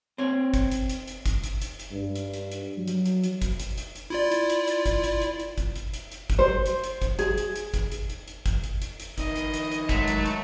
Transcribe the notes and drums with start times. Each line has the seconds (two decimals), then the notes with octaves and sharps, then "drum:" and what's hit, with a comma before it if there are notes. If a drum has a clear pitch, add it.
0.18 C4 C#5
0.54 drum: kick G1, hi-hat
0.72 drum: hi-hat
0.90 drum: hi-hat
1.08 drum: hi-hat
1.26 drum: kick G1, hi-hat
1.44 drum: hi-hat
1.62 drum: hi-hat
1.80 drum: hi-hat
1.92 G2
2.16 drum: hi-hat
2.34 drum: hi-hat
2.52 drum: hi-hat
2.78 F#3
2.88 drum: hi-hat
3.06 drum: hi-hat
3.24 drum: hi-hat
3.42 drum: kick G1, hi-hat
3.60 drum: hi-hat
3.78 drum: hi-hat
3.96 drum: hi-hat
4.10 E4 F4 D5
4.32 drum: hi-hat
4.50 drum: hi-hat
4.68 drum: hi-hat
4.86 drum: kick G1, hi-hat
5.04 drum: hi-hat
5.22 drum: hi-hat
5.40 drum: hi-hat
5.58 drum: kick G1, hi-hat
5.76 drum: hi-hat
5.94 drum: hi-hat
6.12 drum: hi-hat
6.30 drum: kick G1, hi-hat
6.39 C5
6.66 drum: hi-hat
6.84 drum: hi-hat
7.02 drum: kick G1, hi-hat
7.19 G#4, drum: hi-hat
7.38 drum: hi-hat
7.56 drum: hi-hat
7.74 drum: kick G1, hi-hat
7.92 drum: hi-hat
8.10 drum: hi-hat
8.28 drum: hi-hat
8.46 drum: kick G1, hi-hat
8.64 drum: hi-hat
8.82 drum: hi-hat
9.00 drum: hi-hat
9.18 D#3 E4 D#5, drum: kick G1, hi-hat
9.36 drum: hi-hat
9.54 drum: hi-hat
9.72 drum: hi-hat
9.89 F#3 G#3 A3, drum: kick G1, hi-hat
10.08 drum: hi-hat
10.26 drum: hi-hat